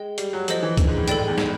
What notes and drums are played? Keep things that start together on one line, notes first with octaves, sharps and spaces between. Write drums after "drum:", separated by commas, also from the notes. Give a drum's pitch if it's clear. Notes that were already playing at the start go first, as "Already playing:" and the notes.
Already playing: G#3 D#5 G5
G3, drum: hi-hat
F#3
F3 A4 C5 D#5, drum: hi-hat
E3
D3, drum: kick C#2, hi-hat
G#2
A2
A2 A4 D5 G5, drum: hi-hat
G#2
E2
drum: snare